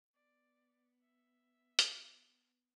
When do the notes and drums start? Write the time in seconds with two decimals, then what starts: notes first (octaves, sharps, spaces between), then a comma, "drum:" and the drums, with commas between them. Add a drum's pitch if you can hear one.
0.14 B3 D5
1.01 E5
1.79 drum: hi-hat